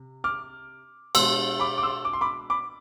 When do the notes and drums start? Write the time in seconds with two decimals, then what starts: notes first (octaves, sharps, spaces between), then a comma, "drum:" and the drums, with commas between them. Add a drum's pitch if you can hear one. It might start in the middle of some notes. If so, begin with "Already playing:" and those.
Already playing: C3
0.24 D6 F6
1.15 B2 G#3 D4 C6 E6, drum: cymbal
1.60 B5 D6
1.78 D6
1.83 C6 E6
2.05 D6
2.13 C6
2.21 B5 D6
2.50 B5 D6